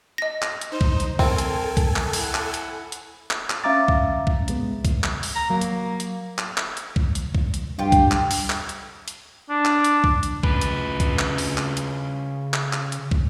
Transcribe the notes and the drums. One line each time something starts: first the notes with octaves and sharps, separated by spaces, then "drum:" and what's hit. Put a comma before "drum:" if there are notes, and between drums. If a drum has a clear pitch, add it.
D#5 A#6
drum: clap
drum: hi-hat
D#4 C5
drum: kick
drum: hi-hat
C4 A4 A#4 G#5, drum: kick
drum: hi-hat
drum: kick, hi-hat
drum: clap
E4 F#5, drum: open hi-hat
drum: clap
drum: hi-hat
drum: hi-hat
drum: clap
drum: clap
C#4 E5 F5 A#5 D6 A6
drum: kick
drum: kick
A#2 G#3 B3, drum: hi-hat
drum: kick, hi-hat
drum: clap
drum: open hi-hat
A#5
F#3 A#3
drum: hi-hat
drum: hi-hat
drum: clap
drum: clap
drum: hi-hat
drum: kick
drum: hi-hat
drum: kick
drum: hi-hat
G2 F4 G4
drum: kick, hi-hat
drum: clap
drum: open hi-hat
drum: clap
drum: hi-hat
drum: hi-hat
D4
drum: clap
drum: hi-hat
drum: kick
drum: hi-hat
C#3 B4, drum: kick
drum: hi-hat
drum: kick, hi-hat
drum: clap
drum: open hi-hat
drum: clap
drum: hi-hat
drum: clap
drum: clap
drum: hi-hat
drum: kick